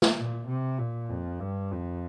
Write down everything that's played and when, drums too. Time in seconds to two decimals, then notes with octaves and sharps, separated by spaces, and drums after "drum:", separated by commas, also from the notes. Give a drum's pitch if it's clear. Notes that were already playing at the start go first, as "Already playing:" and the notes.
0.02 drum: snare
0.18 A#2
0.48 C3
0.79 A#2
1.09 F2
1.40 G2
1.72 F2